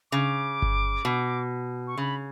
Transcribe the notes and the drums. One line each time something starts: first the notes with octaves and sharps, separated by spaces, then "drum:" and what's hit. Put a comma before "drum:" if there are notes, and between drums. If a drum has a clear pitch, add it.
C#3 D6
drum: kick G1
B2
C#6
C#3 B5